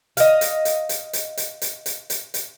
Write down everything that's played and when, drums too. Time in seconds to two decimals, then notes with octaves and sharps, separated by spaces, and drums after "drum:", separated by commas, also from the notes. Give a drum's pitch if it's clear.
0.17 D#5 F5, drum: hi-hat
0.41 drum: hi-hat
0.65 drum: hi-hat
0.89 drum: hi-hat
1.13 drum: hi-hat
1.37 drum: hi-hat
1.62 drum: hi-hat
1.86 drum: hi-hat
2.10 drum: hi-hat
2.34 drum: hi-hat